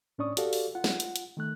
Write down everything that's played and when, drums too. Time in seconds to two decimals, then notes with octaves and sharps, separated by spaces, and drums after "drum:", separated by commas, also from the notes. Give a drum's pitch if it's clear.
0.18 A2 C#4 D4 D5 C#6 D#6
0.37 F#4 G4 A4 D5 F5, drum: hi-hat
0.53 drum: open hi-hat
0.75 F4 F#5
0.84 drum: snare
1.00 drum: hi-hat
1.16 drum: hi-hat
1.37 D#3 A3 F#6